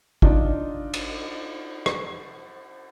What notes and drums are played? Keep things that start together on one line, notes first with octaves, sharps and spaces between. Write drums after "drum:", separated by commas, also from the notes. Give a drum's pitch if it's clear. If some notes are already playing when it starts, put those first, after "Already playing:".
D4 D#4 F4, drum: kick G#1
drum: cymbal
drum: rim click